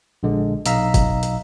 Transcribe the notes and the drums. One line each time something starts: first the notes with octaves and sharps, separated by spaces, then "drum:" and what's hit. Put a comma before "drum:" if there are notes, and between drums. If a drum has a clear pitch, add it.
A#1 D3 G#3
B1 D#5 F5 A#5 E6 B6, drum: hi-hat
drum: kick, hi-hat
drum: hi-hat